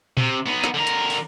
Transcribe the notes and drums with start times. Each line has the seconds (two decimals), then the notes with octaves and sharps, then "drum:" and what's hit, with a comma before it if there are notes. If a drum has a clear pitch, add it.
0.17 C3, drum: tom A#2
0.46 B3 D#4
0.64 drum: snare
0.74 D3 A#4
0.87 drum: hi-hat
1.10 drum: open hi-hat